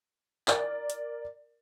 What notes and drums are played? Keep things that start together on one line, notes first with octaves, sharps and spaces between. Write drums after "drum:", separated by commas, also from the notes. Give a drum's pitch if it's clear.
A#4 D5, drum: clap
drum: hi-hat